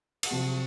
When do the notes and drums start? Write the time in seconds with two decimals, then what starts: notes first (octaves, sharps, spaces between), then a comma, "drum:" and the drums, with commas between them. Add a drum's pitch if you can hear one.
0.23 F#5, drum: cymbal
0.31 F2 C3 F#3 A5